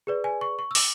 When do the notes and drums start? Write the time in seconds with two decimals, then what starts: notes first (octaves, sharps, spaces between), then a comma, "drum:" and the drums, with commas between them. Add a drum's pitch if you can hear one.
0.07 G#4 B4 D5
0.24 G#5
0.41 C#6
0.59 C#6
0.71 E6
0.75 D6, drum: open hi-hat